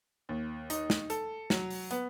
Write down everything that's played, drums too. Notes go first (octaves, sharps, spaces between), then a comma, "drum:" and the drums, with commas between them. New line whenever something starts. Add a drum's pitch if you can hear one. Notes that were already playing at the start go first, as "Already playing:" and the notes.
D#2
D#4, drum: hi-hat
drum: snare
A4, drum: hi-hat
F#3, drum: snare
drum: open hi-hat
B3, drum: hi-hat